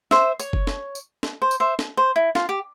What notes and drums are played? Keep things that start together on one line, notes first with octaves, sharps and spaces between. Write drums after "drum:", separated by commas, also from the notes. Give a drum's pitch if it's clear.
C5 E5, drum: snare
C#5, drum: tambourine
drum: kick F#1
drum: snare
drum: tambourine
drum: snare
C5
drum: tambourine
C5 E5
drum: snare
C5
E4
F4, drum: snare
G4